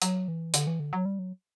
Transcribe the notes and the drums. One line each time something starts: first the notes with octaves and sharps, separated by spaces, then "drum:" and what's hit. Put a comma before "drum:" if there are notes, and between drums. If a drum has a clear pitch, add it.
F#3, drum: hi-hat
E3
D3, drum: hi-hat
E3
D3
F#3
G3
F#3